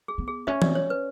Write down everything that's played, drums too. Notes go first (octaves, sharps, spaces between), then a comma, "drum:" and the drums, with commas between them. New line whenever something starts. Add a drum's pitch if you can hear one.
G#4
B3
G#4
C#4 E5
D5, drum: tom E3
C#5
B4